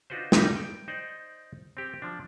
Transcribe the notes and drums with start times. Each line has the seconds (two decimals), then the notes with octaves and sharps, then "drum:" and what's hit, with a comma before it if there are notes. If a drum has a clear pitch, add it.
0.10 D4 D#4 F4 F#4 B4 C5
0.32 E3 G3 B3 D#4 B4, drum: snare
0.56 G5
0.88 D#4 C5 D5
1.77 C4 G4
2.02 F3 D4